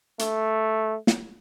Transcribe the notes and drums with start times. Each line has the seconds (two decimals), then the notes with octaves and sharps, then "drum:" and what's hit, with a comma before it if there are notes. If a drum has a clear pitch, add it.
0.19 A3, drum: hi-hat
1.07 drum: snare